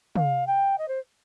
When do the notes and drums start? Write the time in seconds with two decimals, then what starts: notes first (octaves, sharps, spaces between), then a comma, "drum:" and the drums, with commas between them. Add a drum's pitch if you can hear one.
0.15 F5, drum: tom
0.47 G5
0.78 D#5
0.88 C5